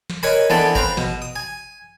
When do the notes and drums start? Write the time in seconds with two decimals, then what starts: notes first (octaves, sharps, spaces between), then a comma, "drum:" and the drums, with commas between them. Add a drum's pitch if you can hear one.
0.10 drum: snare
0.23 A#4 B4 C#5 D#5 G#5 B5
0.50 E3 B3 C4 D4 A4 D5
0.75 B4 C5 F5 A#5, drum: kick G#1
0.97 B2, drum: snare
1.22 D#6
1.36 G#5